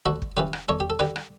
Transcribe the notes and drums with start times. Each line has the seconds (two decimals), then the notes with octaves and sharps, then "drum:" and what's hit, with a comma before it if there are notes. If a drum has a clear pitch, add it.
0.06 D2 F#4 A4
0.22 drum: kick
0.37 C#3 E3 G4 B4
0.53 drum: rim click
0.68 E2 A4 C#5
0.80 G4
0.90 A4
0.99 D3 G4 B4, drum: rim click
1.16 drum: rim click